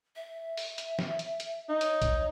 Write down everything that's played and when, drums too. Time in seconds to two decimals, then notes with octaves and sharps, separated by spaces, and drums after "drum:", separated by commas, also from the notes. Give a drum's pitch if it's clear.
0.16 E5
0.57 drum: open hi-hat
0.78 drum: hi-hat
0.99 drum: snare
1.19 drum: hi-hat
1.40 drum: hi-hat
1.69 D#4
1.81 C#5, drum: hi-hat
2.02 drum: kick A#1, hi-hat